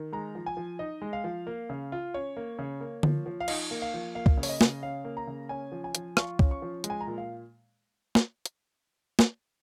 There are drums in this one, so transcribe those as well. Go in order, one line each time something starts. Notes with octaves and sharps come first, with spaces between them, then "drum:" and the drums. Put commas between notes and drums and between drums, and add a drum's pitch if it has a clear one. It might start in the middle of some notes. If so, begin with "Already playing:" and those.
Already playing: D#3
G#3 A#5
F3
G#5
F3
D#4 D#5
G#3
F5
F3
A#3
C#3
F4
C#4 C#5
A#3
C#3
A#3
F3, drum: tom D3
F3
F5
D#4 D#5, drum: cymbal
A#3
F5
F3
A#3 F5
drum: kick
C#3
C#5, drum: open hi-hat
D#5
C#3, drum: snare
C#4 F5
A#3
A#5
C#3
C#4 G#5
F3
G#5
F3, drum: hi-hat
F4 C#6, drum: rim click
C#4, drum: kick
C#6
F3
G#3, drum: hi-hat
G#5
A#5
A#2
F5
drum: snare
drum: hi-hat
drum: snare